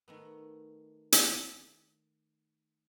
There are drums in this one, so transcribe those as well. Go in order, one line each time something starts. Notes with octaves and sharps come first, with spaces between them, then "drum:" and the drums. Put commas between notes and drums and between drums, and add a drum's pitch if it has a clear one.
D#3 A3 B3
drum: hi-hat